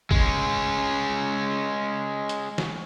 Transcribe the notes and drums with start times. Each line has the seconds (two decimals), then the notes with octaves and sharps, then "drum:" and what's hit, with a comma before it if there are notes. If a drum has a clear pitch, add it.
0.11 G#3 C#4, drum: kick G#1
2.29 drum: hi-hat
2.58 drum: snare